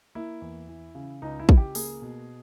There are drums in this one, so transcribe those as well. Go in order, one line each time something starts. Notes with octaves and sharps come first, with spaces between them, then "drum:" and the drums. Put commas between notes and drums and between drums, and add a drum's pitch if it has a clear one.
A#3 E4
E2
E3
C#3
C#2 D#4
E4
C#2, drum: kick
G4
A#3 G#4, drum: open hi-hat
B2